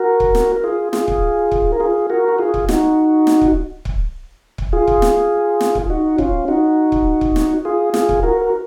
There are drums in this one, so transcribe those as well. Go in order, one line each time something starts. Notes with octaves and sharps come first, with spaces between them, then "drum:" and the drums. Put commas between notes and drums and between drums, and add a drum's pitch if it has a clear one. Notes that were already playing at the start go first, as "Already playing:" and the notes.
Already playing: F#4 A#4
drum: kick C#1
drum: snare
A#4
F4 G#4
F4 G#4, drum: snare
drum: kick C#1
drum: kick C#1
A#4
F4 G#4
F#4 A#4
F#4
F4 G#4
drum: kick C#1
D#4 F#4, drum: snare
drum: snare
drum: kick C#1
drum: kick C#1
drum: kick C#1
F4 G#4
drum: kick C#1
drum: snare
drum: snare
drum: kick C#1
D#4 F#4
C#4 F4, drum: kick C#1
D#4 F#4
drum: kick C#1
drum: kick C#1
drum: snare
F4 G#4
F4 G#4, drum: snare
drum: kick C#1
F#4 A#4
A#4